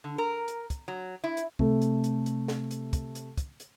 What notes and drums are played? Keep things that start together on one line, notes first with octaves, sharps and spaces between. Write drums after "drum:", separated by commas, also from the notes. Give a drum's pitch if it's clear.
D3
A#4
drum: hi-hat
drum: kick, hi-hat
F#3
E4
drum: hi-hat
C3 A3, drum: kick
drum: hi-hat
drum: hi-hat
drum: hi-hat
drum: snare
drum: hi-hat
drum: kick, hi-hat
drum: hi-hat
drum: kick, hi-hat
drum: hi-hat